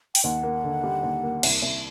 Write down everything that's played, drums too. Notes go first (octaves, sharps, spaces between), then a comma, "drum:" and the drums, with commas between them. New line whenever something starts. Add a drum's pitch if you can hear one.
G5, drum: open hi-hat
D#2 F#5
A#3
D3
G3
D#2
A#3
C2, drum: cymbal
C2